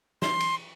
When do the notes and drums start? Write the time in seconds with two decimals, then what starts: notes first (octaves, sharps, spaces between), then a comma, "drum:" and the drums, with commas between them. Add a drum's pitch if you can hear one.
0.22 C6, drum: snare
0.40 drum: cymbal